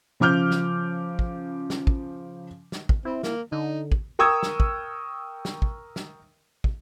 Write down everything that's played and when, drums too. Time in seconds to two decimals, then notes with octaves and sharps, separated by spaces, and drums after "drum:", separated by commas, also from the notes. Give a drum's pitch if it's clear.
0.20 C#3 F3 D6 F6 G6
0.51 drum: snare
1.19 drum: kick
1.70 drum: snare
1.87 drum: kick
2.72 drum: snare
2.89 drum: kick
3.05 C4 E4
3.23 A#3, drum: snare
3.52 D3 D#4
3.92 drum: kick
4.19 A#4 G5 C#6 D#6 E6 G#6
4.43 drum: snare
4.60 drum: kick
5.45 drum: snare
5.62 drum: kick
5.96 drum: snare
6.64 drum: kick